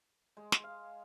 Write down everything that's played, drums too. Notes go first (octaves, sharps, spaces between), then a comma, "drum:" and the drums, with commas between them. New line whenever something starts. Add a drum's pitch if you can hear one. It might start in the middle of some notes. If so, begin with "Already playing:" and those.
G#3
drum: snare
F5